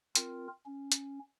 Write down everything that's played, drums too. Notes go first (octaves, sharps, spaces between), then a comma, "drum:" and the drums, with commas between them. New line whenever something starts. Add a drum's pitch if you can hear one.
C4 F4 A#4, drum: hi-hat
C#4
drum: hi-hat